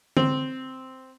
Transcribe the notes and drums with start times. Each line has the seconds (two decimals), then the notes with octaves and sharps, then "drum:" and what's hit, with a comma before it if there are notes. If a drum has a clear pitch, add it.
0.17 C4, drum: tom D3